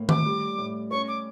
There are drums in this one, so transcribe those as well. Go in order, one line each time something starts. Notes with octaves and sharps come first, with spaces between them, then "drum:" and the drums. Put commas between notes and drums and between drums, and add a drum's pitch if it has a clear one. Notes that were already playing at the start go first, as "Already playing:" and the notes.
Already playing: A2 A#3
D6, drum: tom D#3
G3
A2
C#4 C#6
D6